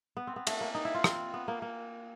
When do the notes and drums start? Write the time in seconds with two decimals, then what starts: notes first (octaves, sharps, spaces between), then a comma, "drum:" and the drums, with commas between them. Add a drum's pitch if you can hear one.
0.17 B3
0.27 C4
0.36 B3
0.47 A3, drum: cymbal
0.61 A#3
0.75 D#4
0.85 E4
0.94 F4
1.04 C4, drum: rim click
1.34 B3
1.48 A#3
1.62 A#3